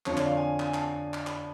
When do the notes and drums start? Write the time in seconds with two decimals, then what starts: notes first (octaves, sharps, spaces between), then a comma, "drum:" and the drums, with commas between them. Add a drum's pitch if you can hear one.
0.06 F2 D3 F3 C#5, drum: clap
0.17 D5, drum: clap
0.26 F5
0.37 G#5
0.60 G#5, drum: clap
0.74 A5, drum: clap
1.14 drum: clap
1.27 B5, drum: clap